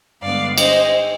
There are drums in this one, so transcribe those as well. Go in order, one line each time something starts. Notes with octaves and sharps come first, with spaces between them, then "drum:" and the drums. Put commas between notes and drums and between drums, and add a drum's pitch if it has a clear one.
G2 D3 G#3 B3 D5 F5
C5 D#5, drum: cymbal